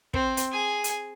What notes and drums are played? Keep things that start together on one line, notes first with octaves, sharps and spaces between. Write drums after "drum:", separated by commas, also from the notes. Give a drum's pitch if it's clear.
C4, drum: kick
drum: hi-hat
G#4 G#5
drum: hi-hat